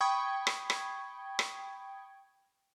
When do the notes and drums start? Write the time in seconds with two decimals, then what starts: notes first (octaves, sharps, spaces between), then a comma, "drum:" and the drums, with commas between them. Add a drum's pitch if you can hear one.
0.01 G5 B5 C#6 D#6 G#6
0.47 drum: rim click
0.70 drum: rim click
1.39 drum: rim click